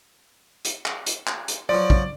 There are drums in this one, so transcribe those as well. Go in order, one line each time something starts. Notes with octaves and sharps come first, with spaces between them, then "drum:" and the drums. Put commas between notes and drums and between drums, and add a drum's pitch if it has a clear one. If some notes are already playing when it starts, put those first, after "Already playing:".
drum: hi-hat
drum: clap
drum: hi-hat
drum: clap
drum: hi-hat
F3 F#3 D5
drum: kick